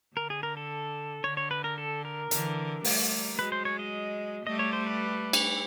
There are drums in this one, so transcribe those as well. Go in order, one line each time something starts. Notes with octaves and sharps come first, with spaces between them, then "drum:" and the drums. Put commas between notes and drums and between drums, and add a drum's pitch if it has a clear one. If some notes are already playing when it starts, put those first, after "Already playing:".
D3 A#4
G#4
A#4
A4
D3 C#5
C#5
B4
A#4
A4
A#4
D3 E3, drum: hi-hat
G3 A3, drum: open hi-hat
F#3 G#3 B4
C5
C#5
D#5
G3 A3 D#5
C#5
C5
B4
drum: cymbal